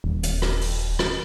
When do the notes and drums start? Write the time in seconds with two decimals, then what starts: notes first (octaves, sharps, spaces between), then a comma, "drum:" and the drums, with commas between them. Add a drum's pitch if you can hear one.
0.04 D#1
0.23 drum: hi-hat
0.42 drum: rim click
0.61 drum: open hi-hat
0.99 drum: rim click